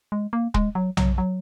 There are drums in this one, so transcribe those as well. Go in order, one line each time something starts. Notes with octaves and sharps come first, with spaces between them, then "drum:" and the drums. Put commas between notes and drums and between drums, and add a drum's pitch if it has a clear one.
G#3
A#3
G#3, drum: kick
F#3
F#3, drum: tom B1
F#3